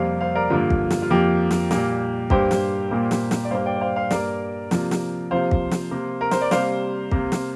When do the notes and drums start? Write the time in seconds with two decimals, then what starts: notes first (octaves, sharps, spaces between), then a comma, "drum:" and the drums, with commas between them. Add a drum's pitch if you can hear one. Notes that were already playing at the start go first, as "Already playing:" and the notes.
Already playing: F2 C3 G3 A#3 C5 F5
0.21 C5 F5
0.35 A#4 D5
0.50 G2 D3 F3 A#3 F4
0.70 drum: kick
0.90 drum: snare
1.02 F4
1.10 F2 F3 A#3 G4
1.51 drum: snare
1.71 A#2 G3 A#3, drum: snare
2.30 G2 G3 A#3 G4 C5, drum: kick
2.51 drum: snare
2.91 A#2 G3 A#3
3.11 drum: snare
3.31 drum: snare
3.45 D5
3.51 G2 G3 A#3 C5 F5
3.66 D5 G5
3.77 D5
3.81 C5 F5
3.96 C5 F5
4.11 G2 G3 A#3 A#4 D5, drum: snare
4.71 C3 F3 A#3, drum: snare
4.91 drum: snare
5.31 C3 F3 A#3 C5 F5
5.51 drum: kick
5.71 drum: snare
5.91 C3 A#3
6.21 A#4
6.31 C5, drum: snare
6.41 D5
6.51 C3 G3 A#3 C5 F5, drum: snare
7.11 C3 A#3, drum: kick
7.32 drum: snare